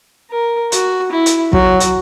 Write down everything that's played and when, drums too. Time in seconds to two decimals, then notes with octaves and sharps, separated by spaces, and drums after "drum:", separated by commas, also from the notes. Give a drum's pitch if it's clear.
0.31 A#4
0.72 F#4, drum: hi-hat
1.12 E4
1.26 drum: hi-hat
1.53 F#3 F#4, drum: kick
1.80 drum: hi-hat